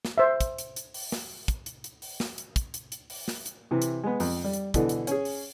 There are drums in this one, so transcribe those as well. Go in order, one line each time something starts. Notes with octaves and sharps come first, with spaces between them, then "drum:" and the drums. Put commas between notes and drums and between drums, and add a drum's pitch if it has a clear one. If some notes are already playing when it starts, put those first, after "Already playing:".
drum: snare
C5 E5
drum: kick, hi-hat
drum: hi-hat
drum: hi-hat
drum: open hi-hat
drum: snare
drum: kick, hi-hat
drum: hi-hat
drum: hi-hat
drum: open hi-hat
drum: snare
drum: hi-hat
drum: kick, hi-hat
drum: hi-hat
drum: hi-hat
drum: open hi-hat
drum: snare
drum: hi-hat
C3 E3
drum: hi-hat
G#3 B3
F2, drum: open hi-hat
G3
drum: hi-hat
B2 D3 E3, drum: kick, hi-hat
drum: hi-hat
C#4 G#4, drum: hi-hat
drum: open hi-hat